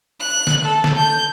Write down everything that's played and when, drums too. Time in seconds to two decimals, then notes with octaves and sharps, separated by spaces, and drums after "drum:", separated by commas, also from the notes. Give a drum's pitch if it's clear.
0.20 F#6
0.47 drum: snare
0.65 A4
0.84 drum: snare
0.95 G6